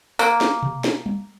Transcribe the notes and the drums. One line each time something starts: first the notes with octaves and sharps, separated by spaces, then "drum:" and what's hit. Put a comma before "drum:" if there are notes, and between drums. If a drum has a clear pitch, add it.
A#3, drum: tambourine
drum: snare
drum: tom B2
drum: snare
drum: tom G3